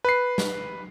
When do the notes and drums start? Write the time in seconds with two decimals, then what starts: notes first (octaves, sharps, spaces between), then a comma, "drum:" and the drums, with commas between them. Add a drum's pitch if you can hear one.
0.05 B4 C7
0.38 drum: snare